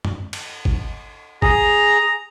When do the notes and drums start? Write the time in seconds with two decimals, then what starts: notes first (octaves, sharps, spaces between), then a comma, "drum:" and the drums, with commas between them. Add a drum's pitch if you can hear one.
0.05 drum: tom F#2
0.33 drum: cymbal
0.65 drum: kick G#1
1.42 G#4 A#5, drum: kick G#1